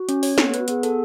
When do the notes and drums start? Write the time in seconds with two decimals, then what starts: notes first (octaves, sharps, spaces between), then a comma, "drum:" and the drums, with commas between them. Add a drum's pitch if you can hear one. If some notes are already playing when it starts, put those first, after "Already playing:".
Already playing: F#4
0.09 C#4, drum: hi-hat
0.23 C#5, drum: open hi-hat
0.38 B3 A4, drum: snare
0.48 A4
0.54 F#4 B4, drum: hi-hat
0.68 B3 G#4, drum: hi-hat
0.83 A4, drum: hi-hat